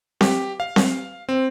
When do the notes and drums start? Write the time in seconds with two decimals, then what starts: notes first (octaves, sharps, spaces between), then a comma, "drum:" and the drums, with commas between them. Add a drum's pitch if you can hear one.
0.21 G4, drum: snare C4
0.60 F5
0.76 drum: snare C4
1.29 C4